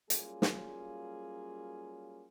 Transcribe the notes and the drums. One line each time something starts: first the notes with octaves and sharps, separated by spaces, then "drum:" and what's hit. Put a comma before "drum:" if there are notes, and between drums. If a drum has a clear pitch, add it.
F#3 G3 A#3 C#4 F4 G#4, drum: hi-hat
drum: snare